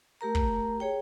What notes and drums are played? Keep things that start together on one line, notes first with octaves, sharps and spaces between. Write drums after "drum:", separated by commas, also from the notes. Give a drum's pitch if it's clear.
A3 G4 A#4 A#5
drum: kick
G#4 C#5 G5